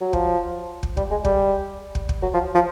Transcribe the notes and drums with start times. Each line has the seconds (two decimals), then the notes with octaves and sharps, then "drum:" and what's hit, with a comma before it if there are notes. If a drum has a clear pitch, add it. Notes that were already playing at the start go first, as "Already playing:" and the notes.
0.01 F#3
0.13 F3, drum: kick
0.83 drum: kick
0.97 G3, drum: kick
1.11 G#3
1.25 G3, drum: kick
1.95 drum: kick
2.09 drum: kick
2.23 F#3
2.34 F3
2.55 F3